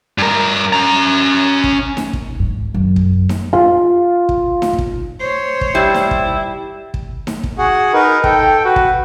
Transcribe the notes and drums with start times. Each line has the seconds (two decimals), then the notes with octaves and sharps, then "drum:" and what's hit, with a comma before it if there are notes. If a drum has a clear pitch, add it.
0.18 G2 A#4
0.73 C#4 A#5
1.64 drum: kick
1.97 drum: snare D#4
2.13 drum: kick
2.40 G#2
2.74 F#2
2.96 drum: kick
3.29 drum: snare D#4
3.53 F4
4.29 drum: kick
4.62 drum: snare D#4
4.78 drum: kick
5.20 C5 C#5
5.61 drum: kick
5.75 G3 E4
5.94 drum: snare D#4
6.11 drum: kick
6.94 drum: kick
7.27 drum: snare D#4
7.43 drum: kick
7.58 F#4 G#4 F#5
7.93 D#4 A#4 B4
8.24 A4 G5, drum: kick
8.65 F#4 B4
8.76 drum: kick